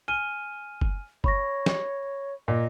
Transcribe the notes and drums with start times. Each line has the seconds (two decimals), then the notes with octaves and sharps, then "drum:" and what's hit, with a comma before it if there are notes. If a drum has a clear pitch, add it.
0.08 G#5 F6 D#7 G7
0.81 drum: kick F#1
1.24 C#5 B5 C#6 A#6, drum: kick F#1
1.66 drum: snare
2.48 A#2 D#5